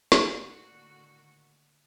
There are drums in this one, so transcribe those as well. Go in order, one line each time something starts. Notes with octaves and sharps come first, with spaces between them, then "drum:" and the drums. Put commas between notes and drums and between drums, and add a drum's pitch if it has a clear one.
drum: snare
A2 D3 D#3 A#3 F#4